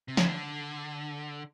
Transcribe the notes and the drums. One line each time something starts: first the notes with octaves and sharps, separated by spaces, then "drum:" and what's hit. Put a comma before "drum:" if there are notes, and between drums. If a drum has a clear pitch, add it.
C3
C#3, drum: snare
D3